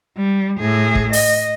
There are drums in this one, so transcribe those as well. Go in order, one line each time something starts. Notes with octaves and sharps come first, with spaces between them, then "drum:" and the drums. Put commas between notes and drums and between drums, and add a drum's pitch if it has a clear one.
G3
A2 G#4
drum: kick
D#5, drum: open hi-hat